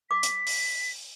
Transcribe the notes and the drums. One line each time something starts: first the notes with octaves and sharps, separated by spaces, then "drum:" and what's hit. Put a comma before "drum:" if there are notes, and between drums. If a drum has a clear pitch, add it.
D6 B6
drum: hi-hat
drum: open hi-hat